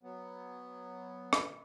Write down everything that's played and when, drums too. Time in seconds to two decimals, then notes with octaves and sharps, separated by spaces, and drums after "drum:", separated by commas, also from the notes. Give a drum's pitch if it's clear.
0.03 F#3 B3
1.33 drum: rim click